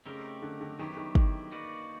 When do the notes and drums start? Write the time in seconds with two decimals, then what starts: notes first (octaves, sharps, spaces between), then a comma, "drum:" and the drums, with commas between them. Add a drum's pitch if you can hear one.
0.06 C#3 A3 C4 D#4 G4 A#4
0.42 D3
0.61 D3
0.79 D3 D#3 F#3 B3 E4 G4
0.97 D#3
1.15 D#3, drum: kick
1.51 A#3 D#4 F#4 B4 D5